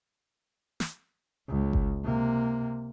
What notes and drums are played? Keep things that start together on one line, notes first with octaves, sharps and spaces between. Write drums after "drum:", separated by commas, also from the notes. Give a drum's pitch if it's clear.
drum: snare
C#2
drum: kick G1
C3 A#3